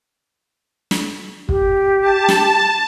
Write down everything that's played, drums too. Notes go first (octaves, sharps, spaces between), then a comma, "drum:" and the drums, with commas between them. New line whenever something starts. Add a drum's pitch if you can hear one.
drum: snare
G4, drum: kick
A5
drum: snare